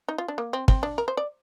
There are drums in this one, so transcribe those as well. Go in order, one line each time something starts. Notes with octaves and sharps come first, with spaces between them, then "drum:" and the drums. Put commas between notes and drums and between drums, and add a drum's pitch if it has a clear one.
D#4
F4
D4
A#3
C4
C4, drum: kick
D4
A#4
C5
D5